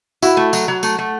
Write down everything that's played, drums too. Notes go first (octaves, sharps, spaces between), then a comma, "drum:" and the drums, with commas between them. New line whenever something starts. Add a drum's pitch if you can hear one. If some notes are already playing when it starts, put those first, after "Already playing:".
E4 F#4, drum: tambourine
A3
F#3, drum: tambourine
F#3
A3, drum: tambourine
A3